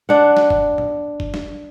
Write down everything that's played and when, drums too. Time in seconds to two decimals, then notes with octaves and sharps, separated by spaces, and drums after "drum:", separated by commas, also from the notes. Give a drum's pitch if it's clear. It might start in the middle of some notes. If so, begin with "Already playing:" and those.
0.09 D4 F#5
0.37 drum: snare
0.50 drum: kick
0.78 drum: tom A2
1.20 drum: kick
1.34 drum: snare